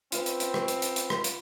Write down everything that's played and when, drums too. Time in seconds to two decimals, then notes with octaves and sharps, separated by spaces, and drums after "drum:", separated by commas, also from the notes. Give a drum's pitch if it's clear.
0.12 C4 F4 B4, drum: hi-hat
0.26 drum: hi-hat
0.40 drum: hi-hat
0.54 drum: rim click
0.68 drum: hi-hat
0.82 drum: hi-hat
0.96 drum: hi-hat
1.10 drum: rim click
1.24 drum: hi-hat